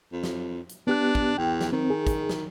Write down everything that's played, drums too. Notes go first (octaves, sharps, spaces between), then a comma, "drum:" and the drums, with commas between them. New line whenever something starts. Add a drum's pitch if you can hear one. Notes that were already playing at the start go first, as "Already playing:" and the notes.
F2
drum: snare
drum: hi-hat
B3 D4 G4 F#6
drum: kick
E2 G5
drum: snare
D#3 C4
G#4
drum: kick, hi-hat
drum: snare